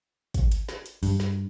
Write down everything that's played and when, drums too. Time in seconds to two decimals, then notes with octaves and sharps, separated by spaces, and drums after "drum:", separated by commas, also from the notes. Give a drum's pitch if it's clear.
0.34 drum: kick, hi-hat
0.52 drum: hi-hat
0.69 drum: snare
0.86 drum: hi-hat
1.03 G2, drum: open hi-hat
1.20 drum: snare